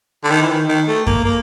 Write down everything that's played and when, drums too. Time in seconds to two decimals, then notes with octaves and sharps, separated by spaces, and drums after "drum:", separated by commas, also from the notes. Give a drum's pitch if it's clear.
0.24 D3
0.31 D#3
0.42 E3
0.50 D#3
0.68 D#3
0.88 A3
1.07 A#3, drum: kick F#2
1.24 A#3